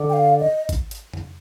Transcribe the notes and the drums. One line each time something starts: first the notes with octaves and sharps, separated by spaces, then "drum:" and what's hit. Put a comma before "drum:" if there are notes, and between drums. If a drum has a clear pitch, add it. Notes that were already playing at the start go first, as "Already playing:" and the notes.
Already playing: D3
G5
F5
D#5
drum: kick G#1, hi-hat
drum: hi-hat
drum: tom F2